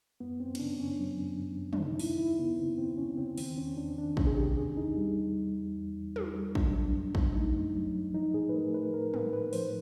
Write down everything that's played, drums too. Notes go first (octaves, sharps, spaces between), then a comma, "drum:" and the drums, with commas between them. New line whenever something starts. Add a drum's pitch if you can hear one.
F#2 B3
F#2 C4
C#4, drum: cymbal
C#3 D4
F#2 C#4
F#3
F#2
F#2
F#2
D4, drum: tom
D#2 D#4
D#2 E4, drum: open hi-hat
D#2 E4
C#3 B3
D#2 C4
D#2 C4
D#2 C#4
C#3 C4
D#3 C4, drum: open hi-hat
E2 C#4
E2 D4
D#3 D4
C3 C#4, drum: kick
G#4
E2 G4
E2 G#4
E2 D#4
G3
E2
G3
E2
E2
E2
E2, drum: tom
G3
F#3 D4, drum: kick
F#2
F#2
F#2, drum: kick
A3 D#4
F#2
F#3
F#3
F3 D#4
A2 G#4
B4
A3 A#4
A3 B4
A2 A#4
A2 B4, drum: tom
A2 B4
F3 C5, drum: open hi-hat